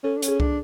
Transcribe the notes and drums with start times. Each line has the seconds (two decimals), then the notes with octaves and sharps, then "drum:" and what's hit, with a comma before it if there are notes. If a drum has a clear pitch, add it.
0.04 C#4 A4
0.17 D4
0.22 C#4, drum: hi-hat
0.28 G#4
0.40 D4, drum: kick C2